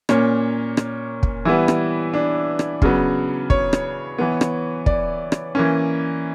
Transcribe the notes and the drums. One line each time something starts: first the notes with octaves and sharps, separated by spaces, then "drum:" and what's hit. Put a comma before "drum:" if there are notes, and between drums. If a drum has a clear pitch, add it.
A#2 A#3 C#4 C#5, drum: rim click
drum: rim click
drum: kick
E3 G3 B3 E4
drum: rim click
D4
drum: rim click
C#3 F#3 B3, drum: kick
C#5, drum: kick
drum: rim click
E3 B3
drum: rim click
D5, drum: kick
drum: rim click
E3 A#3 C#4